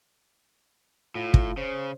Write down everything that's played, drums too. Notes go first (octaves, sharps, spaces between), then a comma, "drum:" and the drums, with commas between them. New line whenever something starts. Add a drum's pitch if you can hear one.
A2 F4
drum: kick
C#3 C5